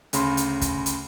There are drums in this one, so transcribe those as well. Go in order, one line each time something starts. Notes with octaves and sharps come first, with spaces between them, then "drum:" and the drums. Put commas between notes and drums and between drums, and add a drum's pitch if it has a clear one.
D2 C#3 B5 C6, drum: hi-hat
drum: hi-hat
drum: kick, hi-hat
drum: hi-hat